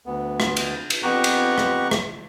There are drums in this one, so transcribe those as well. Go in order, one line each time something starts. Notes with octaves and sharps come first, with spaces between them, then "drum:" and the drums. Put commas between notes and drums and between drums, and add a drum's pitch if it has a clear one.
D2 B3
drum: rim click
drum: cymbal
drum: cymbal
F2 B3 G4 A#5 C#6 F#6
drum: cymbal
drum: rim click
drum: rim click